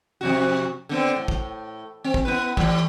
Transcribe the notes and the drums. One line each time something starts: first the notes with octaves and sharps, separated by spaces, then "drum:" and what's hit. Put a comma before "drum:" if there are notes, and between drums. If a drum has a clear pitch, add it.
F2 C3 F#4
D3 B3 C4
A2
drum: kick
C4
drum: kick
B3 E4 B4
A2 E3 G3, drum: kick